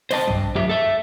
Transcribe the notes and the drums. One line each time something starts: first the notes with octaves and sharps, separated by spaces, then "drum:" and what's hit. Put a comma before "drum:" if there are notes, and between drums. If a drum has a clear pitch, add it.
C5 D#5 A5, drum: snare
G2, drum: tom
F#2 G4 E5
A4 E5